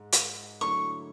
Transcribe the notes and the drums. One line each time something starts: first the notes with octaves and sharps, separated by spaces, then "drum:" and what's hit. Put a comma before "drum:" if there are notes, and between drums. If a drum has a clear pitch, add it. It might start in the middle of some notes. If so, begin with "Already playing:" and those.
Already playing: G#2 G#3
drum: hi-hat
D3 F#3 A3 E4 C#6